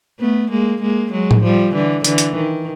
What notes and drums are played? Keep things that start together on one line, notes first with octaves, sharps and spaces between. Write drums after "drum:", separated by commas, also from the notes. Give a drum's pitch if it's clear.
A3 B3
G#3 A#3
G#3 A#3
F#3 G#3
drum: tom A2
F3 G3
D3 E3
D3 E3, drum: hi-hat
drum: hi-hat
D#3